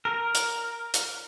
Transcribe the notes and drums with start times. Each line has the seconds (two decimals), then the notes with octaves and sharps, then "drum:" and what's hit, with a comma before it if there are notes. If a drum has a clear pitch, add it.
0.05 A#4
0.35 drum: hi-hat
0.94 drum: hi-hat